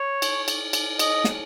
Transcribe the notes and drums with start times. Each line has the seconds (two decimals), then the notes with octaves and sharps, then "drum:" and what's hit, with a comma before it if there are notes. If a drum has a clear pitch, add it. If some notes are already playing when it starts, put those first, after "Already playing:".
Already playing: C#5
0.22 drum: cymbal
0.48 drum: cymbal
0.73 drum: cymbal
0.99 D#5, drum: cymbal
1.24 drum: snare